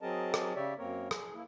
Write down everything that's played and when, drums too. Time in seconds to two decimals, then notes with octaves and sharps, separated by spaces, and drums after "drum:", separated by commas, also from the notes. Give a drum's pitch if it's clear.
0.01 F#3 C4 G#4 A#4 D#5 A5
0.34 drum: rim click
0.55 C#3 G4 C#5 D5 E5
0.79 F#2 A#3 C4 A#4 C#5
1.11 G#4, drum: rim click
1.34 A#3 E4